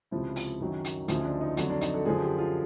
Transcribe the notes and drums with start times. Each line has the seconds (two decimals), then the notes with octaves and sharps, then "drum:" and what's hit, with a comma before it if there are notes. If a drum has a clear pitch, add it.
0.11 C#2 C3 F3 E4
0.36 drum: open hi-hat
0.60 F#2 D#3 F#3
0.84 drum: hi-hat
1.08 D2 C#3 F3 D#4, drum: hi-hat
1.25 D4
1.41 D#4
1.57 F2 D3 F#3 D4, drum: hi-hat
1.70 D4
1.81 D#4, drum: hi-hat
1.94 A4
2.05 F#2 D3 F3 G#4
2.22 G4
2.38 F4